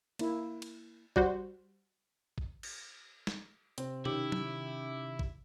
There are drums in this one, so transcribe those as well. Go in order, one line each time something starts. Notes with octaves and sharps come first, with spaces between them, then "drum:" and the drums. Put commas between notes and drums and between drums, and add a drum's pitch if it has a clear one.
A#3 E4, drum: cymbal
drum: cymbal
G3 F#4 C5, drum: kick A1
drum: kick A1
drum: cymbal
drum: snare
C3 C4, drum: hi-hat
D#3 C#4 E4 G4, drum: tom B2
drum: tom
drum: kick A1